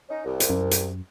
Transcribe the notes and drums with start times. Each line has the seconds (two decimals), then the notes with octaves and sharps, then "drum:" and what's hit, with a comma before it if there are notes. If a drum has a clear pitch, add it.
0.09 C#4 D#4
0.25 C2
0.40 drum: hi-hat
0.50 F#2
0.71 drum: hi-hat